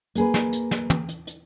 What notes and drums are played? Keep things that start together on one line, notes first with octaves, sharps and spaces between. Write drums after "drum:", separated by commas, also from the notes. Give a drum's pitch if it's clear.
A#3 G#4 B4, drum: hi-hat
drum: snare
drum: hi-hat
drum: snare
drum: tom
drum: hi-hat
drum: hi-hat